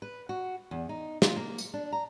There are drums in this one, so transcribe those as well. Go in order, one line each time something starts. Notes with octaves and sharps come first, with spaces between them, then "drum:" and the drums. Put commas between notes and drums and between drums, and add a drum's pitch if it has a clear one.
B4
F#4
E2
D#4
F4, drum: snare
A#3
drum: tambourine
D4
A#5